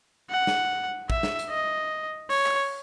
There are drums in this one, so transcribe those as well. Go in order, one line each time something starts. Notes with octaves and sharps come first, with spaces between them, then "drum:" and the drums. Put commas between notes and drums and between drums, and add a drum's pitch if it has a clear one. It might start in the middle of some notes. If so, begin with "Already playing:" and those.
F#5
drum: snare
E5, drum: kick
drum: snare
drum: hi-hat
D#5
C#5, drum: open hi-hat
drum: clap